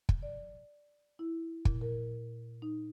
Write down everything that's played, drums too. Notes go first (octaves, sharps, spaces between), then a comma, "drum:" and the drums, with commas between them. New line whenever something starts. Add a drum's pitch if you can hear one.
drum: kick
D5
E4
A#2, drum: kick
A#4
D#4